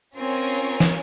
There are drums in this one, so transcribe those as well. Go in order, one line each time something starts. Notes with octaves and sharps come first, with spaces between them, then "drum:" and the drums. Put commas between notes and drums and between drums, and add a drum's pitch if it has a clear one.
C4 C#4 F4 A#4 C#5 G#5
drum: snare